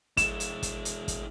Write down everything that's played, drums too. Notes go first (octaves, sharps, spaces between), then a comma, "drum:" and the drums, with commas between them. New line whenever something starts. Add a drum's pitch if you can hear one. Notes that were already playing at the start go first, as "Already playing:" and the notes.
G#3 E4 E7, drum: kick, hi-hat
drum: hi-hat
drum: kick, hi-hat
drum: hi-hat
drum: kick, hi-hat